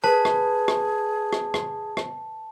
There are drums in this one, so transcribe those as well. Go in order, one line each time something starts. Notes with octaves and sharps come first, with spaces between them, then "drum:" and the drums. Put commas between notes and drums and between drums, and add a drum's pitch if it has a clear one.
G#4 B4 A5
drum: rim click
drum: rim click
drum: rim click
drum: rim click
drum: rim click